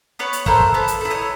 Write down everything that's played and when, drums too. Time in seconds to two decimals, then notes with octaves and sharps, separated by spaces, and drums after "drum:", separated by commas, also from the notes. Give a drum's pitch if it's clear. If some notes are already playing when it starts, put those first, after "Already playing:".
0.19 B3 B4 C#5
0.33 drum: hi-hat
0.46 E4 A4 A#4 C5, drum: kick
0.60 drum: kick
0.74 B3 A4 B4
0.88 drum: hi-hat
1.01 E4 A4
1.11 C#5 D#5